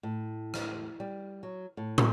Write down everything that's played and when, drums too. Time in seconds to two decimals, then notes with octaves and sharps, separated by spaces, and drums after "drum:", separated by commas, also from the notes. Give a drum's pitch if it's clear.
0.03 A2
0.54 drum: rim click
1.00 G3
1.43 F#3
1.77 A2
1.98 drum: tom